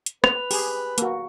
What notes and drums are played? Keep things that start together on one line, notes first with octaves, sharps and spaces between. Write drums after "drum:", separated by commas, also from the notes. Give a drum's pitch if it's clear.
drum: hi-hat
B4 F7, drum: rim click
G4 G#4, drum: open hi-hat
A#3 F#4, drum: hi-hat